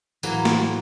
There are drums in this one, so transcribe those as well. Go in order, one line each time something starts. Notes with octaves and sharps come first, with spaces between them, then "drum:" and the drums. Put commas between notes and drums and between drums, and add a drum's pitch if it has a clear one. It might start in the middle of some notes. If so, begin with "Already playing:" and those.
A2 E3 F#3 A#3, drum: tambourine
drum: snare